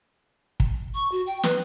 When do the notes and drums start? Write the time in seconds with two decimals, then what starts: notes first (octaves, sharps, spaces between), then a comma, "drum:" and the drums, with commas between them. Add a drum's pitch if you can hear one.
0.60 drum: kick
0.94 C#6
1.12 F#4
1.27 G5
1.43 B4, drum: snare